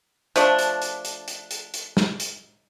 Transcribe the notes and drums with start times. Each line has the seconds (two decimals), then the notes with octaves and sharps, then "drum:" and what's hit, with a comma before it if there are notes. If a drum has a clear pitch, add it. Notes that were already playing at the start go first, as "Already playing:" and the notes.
0.36 F3 A3 D4, drum: hi-hat
0.59 drum: hi-hat
0.82 drum: hi-hat
1.05 drum: hi-hat
1.28 drum: hi-hat
1.51 drum: hi-hat
1.74 drum: hi-hat
1.97 drum: snare
2.20 drum: hi-hat